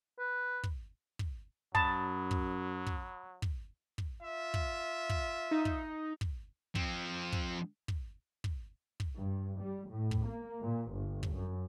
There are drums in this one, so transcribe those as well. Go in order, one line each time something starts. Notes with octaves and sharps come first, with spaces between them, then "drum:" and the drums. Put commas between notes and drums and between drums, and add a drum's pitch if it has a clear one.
B4
drum: kick
drum: kick
F#2 F#3 A5 B5 D#6, drum: kick
drum: kick
drum: kick
drum: kick
drum: kick
F4 E5
drum: kick
drum: kick
D#4
drum: kick
drum: kick
F3 C4, drum: kick
drum: kick
drum: kick
drum: kick
drum: kick
G2
G3
A2
drum: kick
A#3
A#2
G1
drum: kick
F#2